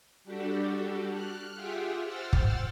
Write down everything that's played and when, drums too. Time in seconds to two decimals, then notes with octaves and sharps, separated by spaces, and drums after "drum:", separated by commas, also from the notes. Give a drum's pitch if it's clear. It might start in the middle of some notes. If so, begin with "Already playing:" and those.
0.24 G3 D4 F#4 G4 A4
1.12 F6 F#6
1.55 F4 G4 G#4 E5 F#5 G5
2.03 C5 F#5 G5 E6 F6 A6
2.33 drum: kick